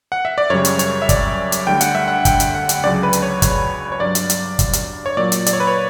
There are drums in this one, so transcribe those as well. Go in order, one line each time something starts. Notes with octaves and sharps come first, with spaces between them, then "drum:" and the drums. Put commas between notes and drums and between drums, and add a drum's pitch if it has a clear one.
F#5
E5
D5
F#2 C#3 G3 C#5
drum: hi-hat
C#5, drum: hi-hat
E5
D5, drum: kick, hi-hat
drum: hi-hat
D2 D3 G3 G5
F#5, drum: hi-hat
E5
F#5
G5, drum: kick, hi-hat
drum: hi-hat
F#5
drum: hi-hat
C#2 C#3 F#3 D5
B4
drum: hi-hat
C#5
C#5, drum: kick, hi-hat
C#5
G2 F#3 D5
drum: hi-hat
drum: hi-hat
drum: kick, hi-hat
drum: hi-hat
C#5
A#2 F#3 D5
drum: hi-hat
D5, drum: hi-hat
C#5
B4
C#5